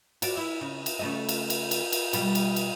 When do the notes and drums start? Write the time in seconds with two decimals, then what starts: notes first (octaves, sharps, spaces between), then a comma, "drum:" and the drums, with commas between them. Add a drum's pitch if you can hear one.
0.22 F#4 D5, drum: cymbal
0.37 E4
0.61 C#3
0.86 drum: cymbal
0.99 C#3 A3 D#5
1.29 drum: cymbal
1.50 drum: cymbal
1.71 drum: cymbal
1.92 drum: cymbal
2.13 B2 G3, drum: cymbal
2.35 drum: cymbal
2.56 drum: cymbal